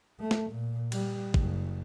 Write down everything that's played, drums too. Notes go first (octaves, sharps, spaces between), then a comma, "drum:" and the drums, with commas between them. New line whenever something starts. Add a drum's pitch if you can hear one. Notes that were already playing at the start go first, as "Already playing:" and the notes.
A3
drum: snare
A#2
G3, drum: cymbal
F#1, drum: kick